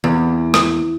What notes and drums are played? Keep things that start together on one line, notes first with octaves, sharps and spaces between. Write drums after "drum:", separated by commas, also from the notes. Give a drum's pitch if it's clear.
E2
drum: rim click